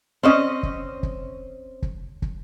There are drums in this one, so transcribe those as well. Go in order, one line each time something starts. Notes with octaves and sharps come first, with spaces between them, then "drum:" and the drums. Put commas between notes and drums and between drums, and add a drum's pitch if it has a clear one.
C4 C#4 D#5
drum: kick
drum: kick
drum: kick
drum: kick